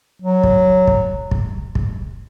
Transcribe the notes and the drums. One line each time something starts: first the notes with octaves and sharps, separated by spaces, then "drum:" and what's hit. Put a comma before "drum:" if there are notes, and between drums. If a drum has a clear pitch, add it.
F#3
drum: kick
drum: kick
drum: kick
drum: kick